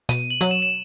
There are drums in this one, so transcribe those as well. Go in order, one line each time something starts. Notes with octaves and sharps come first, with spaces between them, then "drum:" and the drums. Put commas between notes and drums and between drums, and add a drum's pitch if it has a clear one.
B2 D#7, drum: hi-hat
F#7
F#3, drum: hi-hat
E7
E7